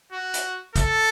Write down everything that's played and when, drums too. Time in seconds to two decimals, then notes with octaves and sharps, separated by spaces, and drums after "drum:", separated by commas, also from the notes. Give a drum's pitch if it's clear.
0.13 F#4
0.34 drum: hi-hat
0.76 A4, drum: kick, hi-hat